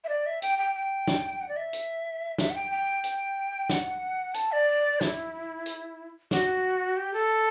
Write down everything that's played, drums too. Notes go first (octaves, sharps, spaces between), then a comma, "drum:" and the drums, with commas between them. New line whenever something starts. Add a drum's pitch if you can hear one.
E5
D5
E5
G5, drum: hi-hat
G5
G5
drum: snare
F#5
D5
E5
drum: hi-hat
E5, drum: snare
F#5
G5
G5
G5, drum: hi-hat
F#5, drum: snare
A5, drum: hi-hat
D5
E4, drum: snare
drum: hi-hat
F#4, drum: snare
G4
A4